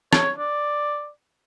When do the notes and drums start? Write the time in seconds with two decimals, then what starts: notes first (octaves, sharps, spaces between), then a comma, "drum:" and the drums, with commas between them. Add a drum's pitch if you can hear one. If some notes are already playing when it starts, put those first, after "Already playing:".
0.13 C#5, drum: rim click
0.38 D5